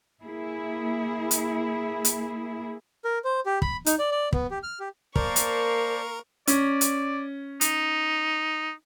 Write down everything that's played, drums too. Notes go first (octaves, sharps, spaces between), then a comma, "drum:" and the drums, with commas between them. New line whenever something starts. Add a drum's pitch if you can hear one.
A#3 E4 G#4
drum: hi-hat
drum: hi-hat
A#4
C5
G4
B5, drum: kick
D#4, drum: hi-hat
D5
D5
B3, drum: kick
G4
F6
G4
A#3 A#4 C5 D5 A5 C#6, drum: kick
drum: hi-hat
C#4 D5, drum: hi-hat
drum: hi-hat
D#4, drum: hi-hat